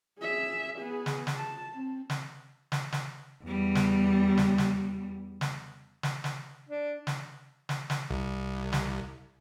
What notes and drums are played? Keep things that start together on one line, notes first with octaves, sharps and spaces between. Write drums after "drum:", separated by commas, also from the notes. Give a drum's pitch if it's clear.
G#4 E5
B3 G#4
drum: snare
drum: snare
A5
C4
drum: snare
drum: snare
drum: snare
E2 G3
drum: snare
drum: snare
drum: snare
drum: snare
drum: snare
drum: snare
D4
drum: snare
drum: snare
drum: snare
C2
drum: snare